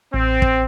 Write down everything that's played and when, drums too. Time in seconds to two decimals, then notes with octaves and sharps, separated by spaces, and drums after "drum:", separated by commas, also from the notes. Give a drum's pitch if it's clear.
0.13 A1 C4
0.42 drum: kick